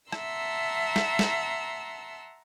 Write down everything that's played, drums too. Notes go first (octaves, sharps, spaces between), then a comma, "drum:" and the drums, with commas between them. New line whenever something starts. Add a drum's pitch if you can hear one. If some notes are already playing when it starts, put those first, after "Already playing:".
E5 F#5 A5 A#5 C6 E6, drum: rim click
drum: snare
drum: snare